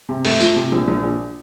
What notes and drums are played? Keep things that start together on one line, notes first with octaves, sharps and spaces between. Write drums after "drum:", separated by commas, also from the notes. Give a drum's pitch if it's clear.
C3
A3, drum: open hi-hat
F3, drum: tambourine
C3
A#1
A#1
A#1